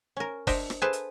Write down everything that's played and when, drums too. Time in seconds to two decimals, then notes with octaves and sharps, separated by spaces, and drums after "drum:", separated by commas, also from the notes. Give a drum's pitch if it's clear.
0.17 C#4 A#4
0.47 D4 C5 D#5 E5 G5, drum: kick F#1, open hi-hat
0.70 drum: rim click
0.82 G#4 A4 B4 C5 E5 A5
0.93 drum: hi-hat